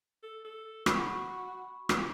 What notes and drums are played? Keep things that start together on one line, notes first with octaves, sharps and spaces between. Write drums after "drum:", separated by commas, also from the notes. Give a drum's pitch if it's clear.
A4
A4
F#4 B5 C#6, drum: rim click
drum: rim click